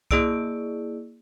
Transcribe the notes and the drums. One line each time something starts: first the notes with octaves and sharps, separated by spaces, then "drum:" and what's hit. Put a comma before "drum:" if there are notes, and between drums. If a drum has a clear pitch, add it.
A#3 E4 G#4 D5 E6 D7, drum: kick C2